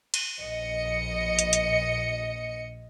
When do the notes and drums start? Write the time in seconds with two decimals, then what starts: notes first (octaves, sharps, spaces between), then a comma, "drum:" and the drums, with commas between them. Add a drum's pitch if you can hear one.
0.14 drum: cymbal
0.41 A#1 D#5 C#7
1.39 drum: hi-hat
1.53 drum: hi-hat